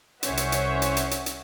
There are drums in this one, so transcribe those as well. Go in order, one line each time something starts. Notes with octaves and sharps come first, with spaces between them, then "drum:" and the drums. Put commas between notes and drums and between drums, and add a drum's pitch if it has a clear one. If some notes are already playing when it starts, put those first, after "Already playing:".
C2 C#4 C5 C#5 E5 F#5, drum: hi-hat
drum: hi-hat
drum: hi-hat
drum: hi-hat
drum: hi-hat
drum: hi-hat
drum: hi-hat